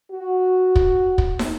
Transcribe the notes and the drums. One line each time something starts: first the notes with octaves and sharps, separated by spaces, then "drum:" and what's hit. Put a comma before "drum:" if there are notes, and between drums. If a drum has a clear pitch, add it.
F#4
drum: kick
drum: kick
drum: snare